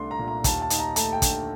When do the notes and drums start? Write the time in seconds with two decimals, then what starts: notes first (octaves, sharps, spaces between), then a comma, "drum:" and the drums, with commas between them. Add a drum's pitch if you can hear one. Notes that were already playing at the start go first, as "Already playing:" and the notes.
Already playing: C2 A3 D4 C6
0.11 A#5
0.19 A#2
0.28 A#5
0.44 D#2 A5, drum: kick, hi-hat
0.62 A5
0.70 D#4, drum: hi-hat
0.79 A#5
0.96 A3 A5, drum: hi-hat
1.13 G5
1.22 D3, drum: kick, hi-hat